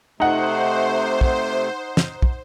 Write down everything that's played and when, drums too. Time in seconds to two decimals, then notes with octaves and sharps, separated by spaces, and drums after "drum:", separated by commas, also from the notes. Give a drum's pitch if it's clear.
0.20 C3 A3 D#4 C5 F#5
1.21 drum: kick
1.97 drum: snare
2.22 drum: kick